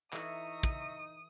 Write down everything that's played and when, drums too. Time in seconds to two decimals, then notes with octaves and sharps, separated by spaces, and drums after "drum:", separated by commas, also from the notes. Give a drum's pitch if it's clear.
0.13 E3 D#4 A4 E5 A#5 C#6 D#6, drum: clap
0.63 drum: kick